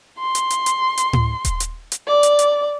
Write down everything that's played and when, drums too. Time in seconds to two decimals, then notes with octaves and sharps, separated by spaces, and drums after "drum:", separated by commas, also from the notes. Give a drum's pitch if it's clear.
0.19 C6
0.35 drum: hi-hat
0.50 drum: hi-hat
0.66 drum: hi-hat
0.98 drum: hi-hat
1.13 drum: tom A2
1.45 drum: kick D#1, hi-hat
1.60 drum: hi-hat
1.92 drum: hi-hat
2.07 D5
2.23 drum: hi-hat
2.39 drum: hi-hat